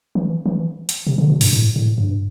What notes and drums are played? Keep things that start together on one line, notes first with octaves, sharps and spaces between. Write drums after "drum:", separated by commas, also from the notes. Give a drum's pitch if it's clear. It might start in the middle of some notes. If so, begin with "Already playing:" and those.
E3
E3
drum: hi-hat
C3
D3
B2
G2, drum: open hi-hat
A2
A2
G2